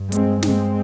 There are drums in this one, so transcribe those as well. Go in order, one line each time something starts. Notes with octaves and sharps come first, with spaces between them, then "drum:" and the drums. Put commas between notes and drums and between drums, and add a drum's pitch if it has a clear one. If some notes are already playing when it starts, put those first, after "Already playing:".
Already playing: G2
G#3 C4, drum: hi-hat
G#3 C4, drum: snare